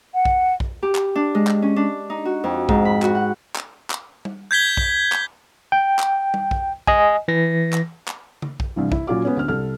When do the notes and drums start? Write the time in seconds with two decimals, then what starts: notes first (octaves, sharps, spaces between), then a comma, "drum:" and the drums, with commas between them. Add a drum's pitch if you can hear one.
0.15 F#5
0.25 drum: kick A#1
0.60 drum: kick A#1
0.83 G4
0.95 drum: clap
1.15 D4
1.35 G#3
1.47 drum: clap
1.62 C#4
1.76 D4
2.10 D#4
2.25 F#4
2.44 F2
2.69 G#2, drum: kick A#1
2.85 B5
3.02 F#4, drum: clap
3.15 F#5
3.56 drum: clap
3.90 drum: clap
4.25 drum: tom G3
4.51 G6 G#6 B6 G7
4.77 drum: kick A#1
5.12 drum: clap
5.72 G5
5.99 drum: clap
6.34 drum: tom G3
6.51 drum: kick A#1
6.87 D#5 G#5, drum: kick A#1
7.28 E3 A#6
7.73 drum: clap
8.08 drum: clap
8.42 drum: tom C#3
8.60 drum: kick A#1
8.76 C2 G2 E3
8.92 E4, drum: kick A#1
9.07 A#2 F#3 C#4 F4 F5 D6
9.25 G#3 B3 C#4
9.37 D2 F6
9.48 C2 A4 F6